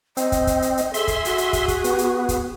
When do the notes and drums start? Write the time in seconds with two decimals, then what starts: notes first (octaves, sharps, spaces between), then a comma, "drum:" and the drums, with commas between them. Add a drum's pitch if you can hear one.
0.17 C4 D#5, drum: hi-hat
0.32 drum: kick, hi-hat
0.47 drum: kick, hi-hat
0.62 drum: hi-hat
0.77 drum: hi-hat
0.94 G#4 A4 E5 C6, drum: hi-hat
1.08 drum: kick, hi-hat
1.25 F#4, drum: hi-hat
1.38 drum: hi-hat
1.53 drum: kick, hi-hat
1.68 drum: kick, hi-hat
1.84 B3, drum: hi-hat
1.98 drum: hi-hat
2.29 drum: kick, hi-hat